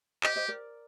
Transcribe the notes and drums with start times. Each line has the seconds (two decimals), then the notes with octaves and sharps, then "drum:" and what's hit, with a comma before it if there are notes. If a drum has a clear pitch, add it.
0.23 G4 C5 D#5, drum: clap
0.36 C5 D#5
0.48 A#4 D5